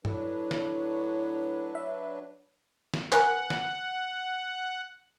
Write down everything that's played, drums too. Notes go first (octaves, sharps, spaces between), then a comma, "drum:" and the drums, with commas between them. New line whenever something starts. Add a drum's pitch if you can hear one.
A2 F#3 D4 B4 C#5, drum: tom G2
drum: snare
E5
drum: snare
A#4 B4 F#5 G#5 F#6, drum: clap
drum: snare